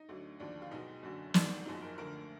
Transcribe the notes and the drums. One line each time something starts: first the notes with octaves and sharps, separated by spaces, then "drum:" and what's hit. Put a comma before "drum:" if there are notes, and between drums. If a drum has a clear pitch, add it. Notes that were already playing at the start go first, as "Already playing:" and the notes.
Already playing: D#4
D2 D3 F#3
D#2 D3 F3 D4
F4
B1 B2 G#3 D#4
F#1 F#2 D3 F#3
G#1 G#2 D#3 G#3 D4, drum: snare
F#1 F#2 F3 G#3 D#4
A#4
D2 D3 F3 A#4